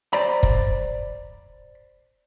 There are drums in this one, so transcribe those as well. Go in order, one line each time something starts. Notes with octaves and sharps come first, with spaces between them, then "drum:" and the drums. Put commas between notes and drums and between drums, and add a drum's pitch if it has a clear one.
C5 D5 A#5 B5
drum: kick